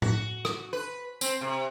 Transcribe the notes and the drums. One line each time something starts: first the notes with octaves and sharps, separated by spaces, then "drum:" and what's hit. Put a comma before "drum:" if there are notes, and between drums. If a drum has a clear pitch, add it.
F#4, drum: tom A2
drum: rim click
B4
C4, drum: tambourine
C3